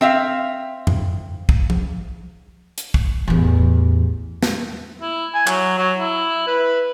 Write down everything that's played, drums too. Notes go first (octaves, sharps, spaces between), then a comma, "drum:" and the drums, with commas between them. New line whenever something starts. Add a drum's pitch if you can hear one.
C4 E5 F5
drum: tom F2
drum: kick
drum: tom
drum: hi-hat
drum: kick
A1 E2
drum: snare
E4
G#5
F#3, drum: clap
F#3
E4
B4